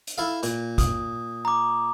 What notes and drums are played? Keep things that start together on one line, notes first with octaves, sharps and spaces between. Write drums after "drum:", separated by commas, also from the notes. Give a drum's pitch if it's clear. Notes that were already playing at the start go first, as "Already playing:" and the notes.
drum: hi-hat
E4 A4 F5
A#2, drum: hi-hat
D#6, drum: kick G#1, hi-hat
A#5 D6